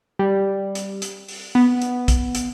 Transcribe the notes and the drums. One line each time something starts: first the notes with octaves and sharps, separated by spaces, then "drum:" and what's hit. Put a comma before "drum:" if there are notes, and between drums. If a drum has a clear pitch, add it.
G3
drum: hi-hat
drum: hi-hat
drum: open hi-hat
B3
drum: hi-hat
drum: kick, hi-hat
drum: hi-hat